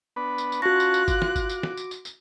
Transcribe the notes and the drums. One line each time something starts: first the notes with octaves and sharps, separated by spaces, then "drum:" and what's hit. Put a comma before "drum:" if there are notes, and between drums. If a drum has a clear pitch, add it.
B3 D4 B4
drum: tambourine
drum: tambourine
C#4 F4 F#4 A5 C#6 F#6 A#6
drum: tambourine
drum: tambourine
D6, drum: kick G1, tambourine
drum: snare
drum: kick G1, tambourine
drum: tambourine
drum: snare
drum: tambourine
drum: tambourine
drum: tambourine